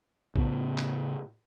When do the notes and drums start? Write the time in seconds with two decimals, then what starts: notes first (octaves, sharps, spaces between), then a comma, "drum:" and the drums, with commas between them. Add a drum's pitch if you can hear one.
0.36 A2 C#3 B3, drum: kick A#1
0.78 drum: clap